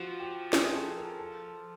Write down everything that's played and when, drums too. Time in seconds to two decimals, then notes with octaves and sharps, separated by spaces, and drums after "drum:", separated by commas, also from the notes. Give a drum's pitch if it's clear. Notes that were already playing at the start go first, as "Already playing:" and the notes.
Already playing: F3 F#4
0.20 G4
0.53 G#4, drum: snare
0.75 A4
0.97 A#4
1.19 A4